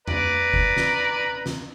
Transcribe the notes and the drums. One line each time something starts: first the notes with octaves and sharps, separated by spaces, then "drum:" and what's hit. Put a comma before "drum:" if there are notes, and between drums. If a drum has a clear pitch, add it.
B4 D5 A#5, drum: tom F2
drum: kick F#1
drum: snare
drum: snare